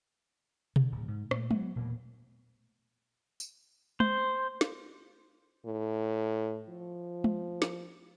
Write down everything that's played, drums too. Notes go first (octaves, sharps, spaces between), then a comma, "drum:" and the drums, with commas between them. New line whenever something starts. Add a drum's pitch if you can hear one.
D3, drum: tom B2
D1
G#2
A#2 A3, drum: rim click
F#3 B3, drum: tom
E1 A#2 A#3 B3
drum: tambourine
C5, drum: tom
drum: snare
A2
F3
drum: tom
drum: snare